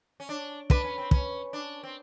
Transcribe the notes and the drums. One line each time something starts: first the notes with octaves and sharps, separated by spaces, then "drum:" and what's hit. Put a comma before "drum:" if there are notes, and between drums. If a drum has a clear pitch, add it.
C#4
D4
D4 B4, drum: kick
C#4
C4
C#4, drum: kick
D4
C4